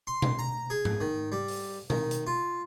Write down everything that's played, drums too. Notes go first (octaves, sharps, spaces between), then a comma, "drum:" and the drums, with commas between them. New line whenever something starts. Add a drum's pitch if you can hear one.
C6
drum: tom B2
A#5
G#4
drum: tom G#2
D#3
G3
drum: open hi-hat
D#3, drum: tom B2
drum: hi-hat
F4